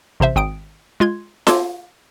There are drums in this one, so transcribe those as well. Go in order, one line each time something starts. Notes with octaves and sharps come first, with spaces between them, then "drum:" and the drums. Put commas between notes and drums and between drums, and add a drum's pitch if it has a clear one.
A1 C3 C5 E5
G#1 G5 D#6 D7
G#3 F4 C6 G#6
A5 C6 D6 E6 G#6, drum: snare F4